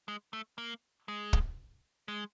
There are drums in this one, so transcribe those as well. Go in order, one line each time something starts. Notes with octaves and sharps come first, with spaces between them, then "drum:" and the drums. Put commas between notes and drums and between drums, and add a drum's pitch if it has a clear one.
G#3
A3
A#3
G#3
drum: kick
G#3